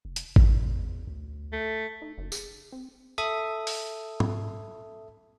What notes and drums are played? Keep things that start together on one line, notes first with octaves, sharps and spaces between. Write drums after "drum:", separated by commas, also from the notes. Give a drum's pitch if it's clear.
F1
drum: hi-hat
E2, drum: kick G#1
D2
A3
D#4
F#1
G#4, drum: tambourine
C4
A4 E5 D#6
drum: open hi-hat
drum: tom